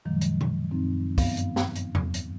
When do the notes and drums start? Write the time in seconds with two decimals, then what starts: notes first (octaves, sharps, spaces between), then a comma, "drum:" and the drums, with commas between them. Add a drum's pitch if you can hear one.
0.05 F#2 A#2 D#3 F3 F#3 G#3
0.21 drum: hi-hat
0.41 drum: tom B2
0.71 F#2 C4 D#4
1.18 G2 B3 F5, drum: kick, open hi-hat
1.37 drum: hi-hat
1.56 drum: snare
1.76 drum: hi-hat
1.95 drum: tom E2
2.14 drum: hi-hat